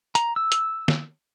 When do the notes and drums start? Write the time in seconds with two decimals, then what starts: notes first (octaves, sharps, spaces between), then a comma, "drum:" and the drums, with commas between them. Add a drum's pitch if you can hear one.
0.15 A#5, drum: hi-hat
0.36 E6
0.52 drum: hi-hat
0.88 drum: snare D#3